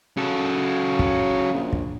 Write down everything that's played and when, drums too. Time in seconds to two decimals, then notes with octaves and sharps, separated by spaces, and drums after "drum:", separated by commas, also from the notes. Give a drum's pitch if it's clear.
0.17 C#3 F#3 A4
0.99 drum: kick
1.54 A#1
1.73 drum: kick